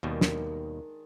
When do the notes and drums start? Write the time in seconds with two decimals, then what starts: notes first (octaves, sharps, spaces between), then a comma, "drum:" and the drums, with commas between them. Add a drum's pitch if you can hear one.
0.03 D#2 B2 D#3 G3 G#3 D4
0.21 drum: snare